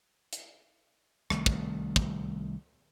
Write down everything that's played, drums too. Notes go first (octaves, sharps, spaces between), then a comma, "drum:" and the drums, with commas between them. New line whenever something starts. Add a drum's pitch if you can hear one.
drum: hi-hat
C2 D#3 A3, drum: rim click
drum: kick
drum: kick